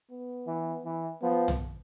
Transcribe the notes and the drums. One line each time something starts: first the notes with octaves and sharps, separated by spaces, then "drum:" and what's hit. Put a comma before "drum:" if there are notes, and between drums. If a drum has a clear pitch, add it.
B3
E3
E3
F3 B3
drum: tom